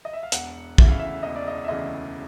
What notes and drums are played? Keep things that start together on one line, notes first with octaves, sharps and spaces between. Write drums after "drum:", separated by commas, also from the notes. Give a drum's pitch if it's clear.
D#5
E5
F5
E1 F#5, drum: hi-hat
D2 C#3 E3 E5, drum: kick
F5
E5
E1 D#5
D5
D#5
E5
D2 C#3 E3 D#5